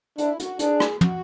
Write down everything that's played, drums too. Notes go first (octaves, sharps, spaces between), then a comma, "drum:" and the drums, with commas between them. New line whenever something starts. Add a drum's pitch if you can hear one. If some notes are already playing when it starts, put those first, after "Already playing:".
D4 E4, drum: hi-hat
F#4, drum: hi-hat
D4 G#4, drum: hi-hat
drum: rim click
F#4, drum: tom